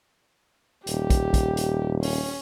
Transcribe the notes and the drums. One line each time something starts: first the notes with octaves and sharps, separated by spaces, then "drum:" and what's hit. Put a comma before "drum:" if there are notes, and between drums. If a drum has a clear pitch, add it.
D#1 G4, drum: hi-hat
drum: kick, hi-hat
drum: kick, hi-hat
drum: hi-hat
C#4, drum: open hi-hat